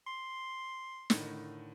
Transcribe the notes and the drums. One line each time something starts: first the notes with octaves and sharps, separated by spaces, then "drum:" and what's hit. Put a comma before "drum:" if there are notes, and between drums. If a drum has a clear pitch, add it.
C6
A2 D3 D#3, drum: snare